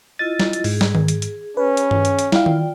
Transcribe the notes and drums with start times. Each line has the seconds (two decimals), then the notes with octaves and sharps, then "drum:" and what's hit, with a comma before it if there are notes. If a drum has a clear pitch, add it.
0.19 E4 F4 D#5 A6
0.40 drum: snare
0.53 drum: hi-hat
0.64 G#2 G#4, drum: open hi-hat
0.81 drum: snare
0.95 drum: tom D#3
1.08 drum: hi-hat
1.22 drum: hi-hat
1.57 C#4 B4
1.77 drum: hi-hat
1.91 drum: tom G2
2.05 drum: hi-hat
2.19 drum: hi-hat
2.32 E4 F4 D5 F5 G5, drum: snare
2.46 drum: tom D#3